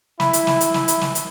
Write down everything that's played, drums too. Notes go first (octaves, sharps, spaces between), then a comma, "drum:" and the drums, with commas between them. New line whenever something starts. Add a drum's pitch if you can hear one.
E4 B5, drum: snare
drum: hi-hat
drum: snare
drum: hi-hat
drum: snare
drum: hi-hat
drum: snare
drum: hi-hat